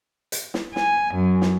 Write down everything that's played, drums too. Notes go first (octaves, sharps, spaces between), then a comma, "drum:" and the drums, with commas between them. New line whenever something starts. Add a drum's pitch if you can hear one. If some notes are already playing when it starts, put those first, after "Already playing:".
drum: hi-hat
drum: snare
G#5, drum: snare
F#2
drum: snare